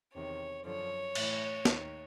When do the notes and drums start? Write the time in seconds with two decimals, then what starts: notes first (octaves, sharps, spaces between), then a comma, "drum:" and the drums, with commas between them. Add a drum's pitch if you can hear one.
0.14 E2 C3 D#3 C#5
0.64 F#2 D3 F3 C#5
1.15 A2 E3, drum: cymbal
1.65 D#2 D#3, drum: snare